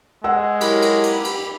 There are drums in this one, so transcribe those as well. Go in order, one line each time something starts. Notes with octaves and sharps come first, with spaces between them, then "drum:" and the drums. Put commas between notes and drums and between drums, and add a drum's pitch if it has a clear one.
G#3 F#5 E6
F#3 E4 G4 A#4 B5, drum: cymbal
drum: cymbal
drum: cymbal
drum: cymbal